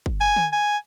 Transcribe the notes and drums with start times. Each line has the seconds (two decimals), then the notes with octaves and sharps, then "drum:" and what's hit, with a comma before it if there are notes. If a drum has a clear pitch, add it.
0.06 drum: kick
0.21 G#5
0.36 drum: tom
0.53 G#5